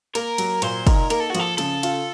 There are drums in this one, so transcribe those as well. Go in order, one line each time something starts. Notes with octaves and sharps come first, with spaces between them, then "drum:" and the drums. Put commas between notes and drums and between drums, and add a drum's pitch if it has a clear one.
A#3 A#4, drum: cymbal
F#3, drum: cymbal
A#2 C5, drum: cymbal
D#4 A#4, drum: kick, cymbal
A#3 A#4, drum: cymbal
A4
F#4
F3 A4, drum: cymbal
C#3 A4, drum: cymbal
F4, drum: cymbal